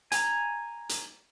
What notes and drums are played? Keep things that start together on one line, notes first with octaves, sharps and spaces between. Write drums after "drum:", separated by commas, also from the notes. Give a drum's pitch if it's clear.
G#5 A#5, drum: hi-hat
drum: hi-hat